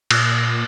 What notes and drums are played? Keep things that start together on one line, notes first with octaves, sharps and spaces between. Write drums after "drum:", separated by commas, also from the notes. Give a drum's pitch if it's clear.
A#2, drum: cymbal